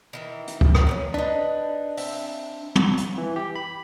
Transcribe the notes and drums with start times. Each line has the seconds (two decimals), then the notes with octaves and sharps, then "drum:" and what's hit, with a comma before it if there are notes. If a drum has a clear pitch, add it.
0.13 D#3 E3 E5
0.47 drum: hi-hat
0.61 drum: kick C#2
0.75 drum: rim click
0.87 F#3 C4 C#4
1.14 D4 D#4 B4
1.97 C4 E5, drum: open hi-hat
2.75 drum: tom
2.97 drum: hi-hat
3.18 E3
3.36 G4
3.56 B5